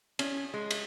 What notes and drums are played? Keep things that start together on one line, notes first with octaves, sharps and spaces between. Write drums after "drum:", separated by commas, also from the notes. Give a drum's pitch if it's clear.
C#4, drum: cymbal
G#3
drum: cymbal